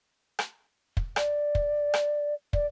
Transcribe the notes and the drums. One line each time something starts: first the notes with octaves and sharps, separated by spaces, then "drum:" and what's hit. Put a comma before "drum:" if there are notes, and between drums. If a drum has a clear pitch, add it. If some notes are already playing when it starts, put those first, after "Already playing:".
drum: rim click
drum: kick
D5, drum: rim click
drum: kick
drum: rim click
D5, drum: kick